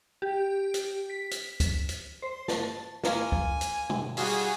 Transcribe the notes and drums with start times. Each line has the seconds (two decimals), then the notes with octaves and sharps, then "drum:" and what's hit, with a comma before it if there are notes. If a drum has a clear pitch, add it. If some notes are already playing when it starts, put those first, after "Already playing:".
0.22 G4
0.74 drum: hi-hat
1.10 B6
1.31 drum: hi-hat
1.60 drum: kick, hi-hat
1.89 drum: hi-hat
2.22 C5
2.48 A5, drum: snare
3.03 A#3 F4 G#5, drum: snare
3.32 drum: kick
3.61 drum: hi-hat
3.90 drum: tom
4.17 G3 F4 F#4 G#4, drum: open hi-hat